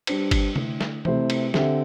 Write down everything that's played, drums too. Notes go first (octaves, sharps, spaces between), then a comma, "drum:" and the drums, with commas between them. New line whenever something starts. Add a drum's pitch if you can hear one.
G3 D4 C5, drum: cymbal
drum: kick G1, cymbal
D3 A3 E4, drum: tom C3
drum: snare
C3 A3 E4 C5 E5, drum: tom E3
drum: cymbal
D3 C4 G4 E5, drum: snare